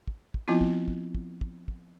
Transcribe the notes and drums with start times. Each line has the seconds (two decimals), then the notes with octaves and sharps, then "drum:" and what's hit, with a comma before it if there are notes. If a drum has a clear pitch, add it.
0.07 drum: kick
0.34 drum: kick
0.48 F3 B3 C4 E4 F4
0.61 drum: kick
0.88 drum: kick
1.15 drum: kick
1.41 drum: kick
1.68 drum: kick